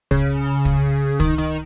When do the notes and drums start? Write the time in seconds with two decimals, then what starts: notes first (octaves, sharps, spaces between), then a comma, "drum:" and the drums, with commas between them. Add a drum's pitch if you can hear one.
0.11 C#3, drum: kick
0.65 drum: kick
1.20 D#3, drum: kick
1.38 D#3